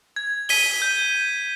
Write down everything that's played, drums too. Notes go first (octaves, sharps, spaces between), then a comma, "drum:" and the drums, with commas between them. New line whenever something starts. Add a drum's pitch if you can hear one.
G#6
B6 D#7 G7, drum: open hi-hat
G6